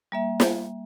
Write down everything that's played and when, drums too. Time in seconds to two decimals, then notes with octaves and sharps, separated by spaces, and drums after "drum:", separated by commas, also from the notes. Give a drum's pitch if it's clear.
0.12 G3 A#3 E5
0.40 drum: snare